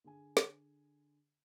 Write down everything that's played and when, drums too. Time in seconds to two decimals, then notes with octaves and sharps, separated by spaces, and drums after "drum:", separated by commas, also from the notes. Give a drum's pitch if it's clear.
0.04 D3 G#4 G#5
0.37 drum: snare